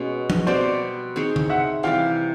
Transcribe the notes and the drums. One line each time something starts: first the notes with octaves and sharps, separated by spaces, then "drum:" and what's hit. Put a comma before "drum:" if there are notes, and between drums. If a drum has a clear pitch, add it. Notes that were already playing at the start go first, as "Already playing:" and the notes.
Already playing: B2 G#3 C#4
drum: tom F3
B2 G3 C4 C5 D5
C4 D#4 G#4 C#5
drum: tom D3
E5 F#5
C3 E3 G3 F5 G5